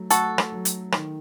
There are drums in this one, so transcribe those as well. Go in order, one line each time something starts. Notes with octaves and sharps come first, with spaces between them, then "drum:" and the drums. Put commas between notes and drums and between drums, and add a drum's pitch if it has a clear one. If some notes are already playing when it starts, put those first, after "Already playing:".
Already playing: F#3 A3
A3 F#4 A4, drum: hi-hat
drum: rim click
F#3
drum: hi-hat
D#3, drum: rim click